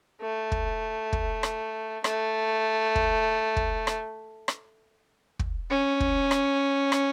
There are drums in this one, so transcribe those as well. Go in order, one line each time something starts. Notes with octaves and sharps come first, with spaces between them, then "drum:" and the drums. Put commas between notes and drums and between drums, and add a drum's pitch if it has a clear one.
A3
drum: kick
drum: kick
drum: rim click
A3, drum: rim click
drum: kick
drum: kick
drum: rim click
drum: rim click
drum: kick
C#4
drum: kick
drum: rim click
drum: rim click